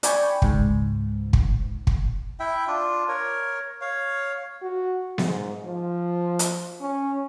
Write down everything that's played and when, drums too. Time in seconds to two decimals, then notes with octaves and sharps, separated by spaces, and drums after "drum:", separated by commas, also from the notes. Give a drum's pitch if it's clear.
0.03 D4 D5 G5 G#5 B5 C#6, drum: hi-hat
0.42 C#2 G#2, drum: kick
1.33 drum: kick
1.87 drum: kick
2.40 E4 E5 G5
2.67 D4 F4
3.09 A#4 C#5
3.81 C#5 F5
4.63 F#4
5.18 G#2, drum: snare B3
5.64 F3
6.39 drum: hi-hat
6.81 C#4